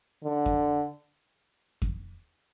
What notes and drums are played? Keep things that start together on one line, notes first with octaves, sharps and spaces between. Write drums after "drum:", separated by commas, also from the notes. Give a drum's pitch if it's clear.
D3
drum: kick F2
drum: kick F2